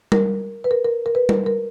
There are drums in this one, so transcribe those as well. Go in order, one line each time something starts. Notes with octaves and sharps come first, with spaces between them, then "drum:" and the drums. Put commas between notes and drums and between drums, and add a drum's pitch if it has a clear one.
A#4, drum: tom G3
B4
A#4
A#4
A#4
B4
A#4, drum: tom G3
A#4